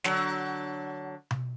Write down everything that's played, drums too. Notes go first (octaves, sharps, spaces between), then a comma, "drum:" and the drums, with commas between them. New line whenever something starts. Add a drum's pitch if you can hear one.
D3 F#3, drum: snare
drum: tom B2